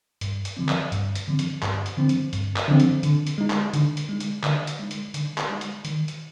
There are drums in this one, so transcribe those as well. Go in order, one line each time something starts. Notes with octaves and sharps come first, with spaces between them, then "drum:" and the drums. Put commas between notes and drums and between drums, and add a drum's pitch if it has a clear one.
G2, drum: hi-hat
drum: hi-hat
D3 F3 C4
drum: clap
G2, drum: hi-hat
drum: hi-hat
D3 F3 C4
drum: hi-hat
G2, drum: clap
drum: hi-hat
D3 F3 C4
drum: hi-hat
G2, drum: hi-hat
drum: clap
D3 F3 C4
drum: hi-hat
D3, drum: hi-hat
drum: hi-hat
G#3 D#4
drum: clap
D3, drum: hi-hat
drum: hi-hat
G#3 D#4
drum: hi-hat
D3, drum: clap
drum: hi-hat
G#3 D#4
drum: hi-hat
D3, drum: hi-hat
drum: clap
G#3 D#4
drum: hi-hat
D#3, drum: hi-hat
drum: hi-hat